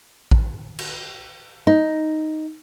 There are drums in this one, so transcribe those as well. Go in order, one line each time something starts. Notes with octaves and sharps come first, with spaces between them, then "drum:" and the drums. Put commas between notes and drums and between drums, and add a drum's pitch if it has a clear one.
drum: kick A1
drum: cymbal
D#4